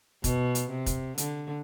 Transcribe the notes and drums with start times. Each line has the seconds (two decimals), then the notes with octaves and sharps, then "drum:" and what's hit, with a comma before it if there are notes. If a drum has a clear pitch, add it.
0.24 B2, drum: kick, hi-hat
0.55 drum: hi-hat
0.71 C3
0.86 drum: kick, hi-hat
1.18 D3, drum: hi-hat